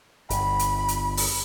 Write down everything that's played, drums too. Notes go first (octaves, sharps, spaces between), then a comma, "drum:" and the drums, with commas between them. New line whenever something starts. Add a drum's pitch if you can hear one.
G1 B5, drum: hi-hat
drum: hi-hat
drum: hi-hat
drum: open hi-hat